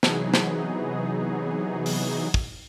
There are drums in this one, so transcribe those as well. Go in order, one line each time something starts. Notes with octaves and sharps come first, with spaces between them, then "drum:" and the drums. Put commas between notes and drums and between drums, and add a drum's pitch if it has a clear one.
C3 E3 F#3 B3 D#4 G#4, drum: snare
drum: snare
drum: open hi-hat
drum: kick